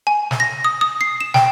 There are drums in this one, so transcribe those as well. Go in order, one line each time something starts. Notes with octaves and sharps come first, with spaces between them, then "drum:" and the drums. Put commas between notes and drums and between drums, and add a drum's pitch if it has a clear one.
G#5
drum: snare
A#6
D#6
D#6
C7
E7
G5, drum: snare